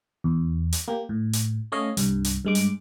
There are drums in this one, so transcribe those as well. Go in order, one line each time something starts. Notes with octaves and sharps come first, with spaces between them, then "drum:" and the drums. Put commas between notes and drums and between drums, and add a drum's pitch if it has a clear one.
E2
drum: hi-hat
A#3 G4
A2
drum: hi-hat
A3 C#4 C#5 D#5 F5
C2 G2, drum: hi-hat
drum: hi-hat
G2 G#3 D6
drum: hi-hat